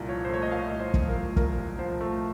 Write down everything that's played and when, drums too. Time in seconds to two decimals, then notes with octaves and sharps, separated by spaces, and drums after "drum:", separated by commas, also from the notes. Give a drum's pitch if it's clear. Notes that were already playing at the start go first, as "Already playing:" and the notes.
Already playing: C2 A#2
0.09 F3 C#5
0.25 C5
0.30 A3 C#5
0.42 D#5
0.51 A#2 F5
0.73 C2
0.80 C5
0.94 F3, drum: kick
1.08 A#4
1.15 A3
1.36 A#2 A#4, drum: kick
1.58 C2
1.79 F3 C5
2.01 A3